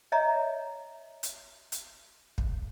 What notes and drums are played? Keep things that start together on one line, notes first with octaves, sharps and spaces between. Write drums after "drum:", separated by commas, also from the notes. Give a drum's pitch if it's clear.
C#5 D#5 E5 A#5
drum: hi-hat
drum: hi-hat
drum: kick